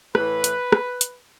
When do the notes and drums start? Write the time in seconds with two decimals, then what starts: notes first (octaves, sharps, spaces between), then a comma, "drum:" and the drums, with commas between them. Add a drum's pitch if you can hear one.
0.15 A2 E3 B4, drum: rim click
0.44 drum: hi-hat
0.72 drum: rim click
1.01 drum: hi-hat